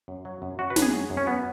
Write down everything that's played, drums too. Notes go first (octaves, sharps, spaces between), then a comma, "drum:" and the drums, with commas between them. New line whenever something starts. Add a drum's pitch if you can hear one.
F#2
F#3
F#2
F#2 F#4
B4
F#2, drum: snare
G#4
F#3
F#2
C#4
F#2 B3